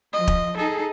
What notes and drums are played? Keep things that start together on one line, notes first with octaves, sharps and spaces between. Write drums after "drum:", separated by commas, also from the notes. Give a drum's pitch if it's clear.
F3 D#5
drum: kick
D#4 G#4 A4